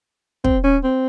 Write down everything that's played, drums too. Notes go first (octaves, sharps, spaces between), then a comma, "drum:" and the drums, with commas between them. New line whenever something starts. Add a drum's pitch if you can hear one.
C4, drum: kick
C#4
C4